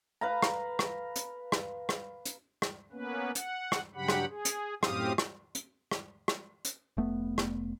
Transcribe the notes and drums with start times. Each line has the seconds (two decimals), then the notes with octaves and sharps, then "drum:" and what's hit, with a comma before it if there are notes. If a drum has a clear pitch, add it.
0.21 B4 F5 A#5
0.42 drum: rim click
0.79 drum: rim click
1.16 drum: hi-hat
1.52 drum: rim click
1.89 drum: rim click
2.25 drum: hi-hat
2.62 drum: rim click
2.92 A#3 B3 C#4 B4
3.35 F#5, drum: hi-hat
3.72 drum: rim click
3.95 G2 C#3 F#3 G4 F#5 B5
4.08 drum: rim click
4.29 G#4
4.45 drum: hi-hat
4.83 F#2 A2 C4 G4 F5 D#6, drum: rim click
5.18 drum: rim click
5.55 drum: hi-hat
5.91 drum: rim click
6.28 drum: rim click
6.65 drum: hi-hat
6.97 F1 A3 B3
7.38 drum: rim click